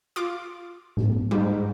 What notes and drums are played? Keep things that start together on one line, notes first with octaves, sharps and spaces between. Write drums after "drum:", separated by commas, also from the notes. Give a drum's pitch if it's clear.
F4 D6
drum: tom A2
G#2 G3